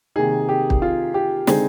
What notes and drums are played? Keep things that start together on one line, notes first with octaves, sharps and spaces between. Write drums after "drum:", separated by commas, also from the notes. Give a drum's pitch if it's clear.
C3 D#3 A#3 D#4 G#4
G4
drum: kick
F4
G4
D3 G#3 C4 D#4 G#4, drum: snare